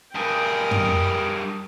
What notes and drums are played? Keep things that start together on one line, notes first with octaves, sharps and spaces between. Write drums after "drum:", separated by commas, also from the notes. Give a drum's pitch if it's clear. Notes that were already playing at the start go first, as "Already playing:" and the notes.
G2 G#4 A#4 G5
drum: tom